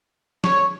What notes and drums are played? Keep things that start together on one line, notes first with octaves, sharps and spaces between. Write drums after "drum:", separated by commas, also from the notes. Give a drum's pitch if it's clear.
C#5, drum: snare